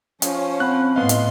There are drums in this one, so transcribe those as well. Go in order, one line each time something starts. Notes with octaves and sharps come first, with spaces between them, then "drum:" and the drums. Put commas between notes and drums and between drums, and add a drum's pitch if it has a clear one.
F3 C#4, drum: hi-hat
C4 F#5 B5 F#6
A2 B3 D#5 F5 C6
drum: hi-hat